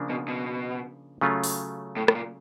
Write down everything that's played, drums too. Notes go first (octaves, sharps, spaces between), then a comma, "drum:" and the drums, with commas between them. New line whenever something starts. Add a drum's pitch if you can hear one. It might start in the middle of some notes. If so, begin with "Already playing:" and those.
Already playing: C#3 F3 A#3 D4
B2
B2
C#3 F#3 A3 C#4 F4
drum: open hi-hat
A2
A2, drum: rim click
A#2